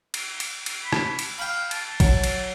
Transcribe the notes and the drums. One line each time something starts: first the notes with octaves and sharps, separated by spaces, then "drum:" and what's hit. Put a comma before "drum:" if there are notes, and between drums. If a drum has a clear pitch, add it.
drum: cymbal
drum: cymbal
drum: cymbal
B5
drum: rim click
drum: cymbal
F5 G5 B5
A5, drum: cymbal
F#3, drum: kick, cymbal
drum: cymbal